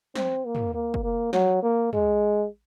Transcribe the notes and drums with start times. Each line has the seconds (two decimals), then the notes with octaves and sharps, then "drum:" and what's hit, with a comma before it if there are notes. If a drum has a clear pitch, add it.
0.15 C4, drum: snare
0.45 A#3
0.55 drum: tom
0.74 A#3
0.94 drum: kick
1.04 A#3
1.33 F#3, drum: snare
1.63 A#3
1.93 G#3, drum: tom